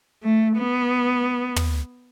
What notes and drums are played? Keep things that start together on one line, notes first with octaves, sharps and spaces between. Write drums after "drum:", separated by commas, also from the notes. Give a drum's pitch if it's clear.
A3
B3
drum: tom